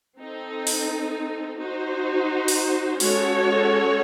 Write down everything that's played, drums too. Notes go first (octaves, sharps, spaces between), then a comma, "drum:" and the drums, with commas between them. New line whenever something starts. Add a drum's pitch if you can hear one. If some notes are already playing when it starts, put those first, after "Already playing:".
C4 D#4 A4
drum: open hi-hat
D#4 F#4 C5
drum: open hi-hat
G#3 C#4 F#4 A4 C#5, drum: open hi-hat